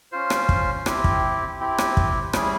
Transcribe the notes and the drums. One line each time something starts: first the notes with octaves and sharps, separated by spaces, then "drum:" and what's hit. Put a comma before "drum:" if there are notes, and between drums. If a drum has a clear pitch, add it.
C#4 F4 C5
drum: rim click
drum: kick
C4 E4 G4, drum: rim click
drum: kick
C4 E4 G4
drum: rim click
drum: kick
G3 C#4 E4 G#4, drum: rim click